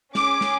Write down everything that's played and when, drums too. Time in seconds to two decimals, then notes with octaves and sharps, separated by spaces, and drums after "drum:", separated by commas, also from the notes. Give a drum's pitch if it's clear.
0.15 C#4 G#4 D6, drum: snare
0.41 drum: snare